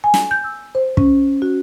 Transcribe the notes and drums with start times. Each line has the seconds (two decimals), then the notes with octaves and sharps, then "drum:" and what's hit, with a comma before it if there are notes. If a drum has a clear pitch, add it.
0.04 G#5
0.14 drum: snare
0.31 G6
0.44 E6
0.75 C5
0.97 C#4, drum: kick
1.42 F#4